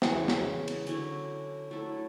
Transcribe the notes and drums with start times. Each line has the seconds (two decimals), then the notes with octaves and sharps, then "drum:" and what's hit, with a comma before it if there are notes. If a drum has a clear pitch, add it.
0.02 C#3 E3 G#3, drum: snare
0.28 drum: snare
0.68 drum: cymbal
0.87 D3 F#3 C#4 E4, drum: hi-hat
1.71 F#3 A3 E4 A4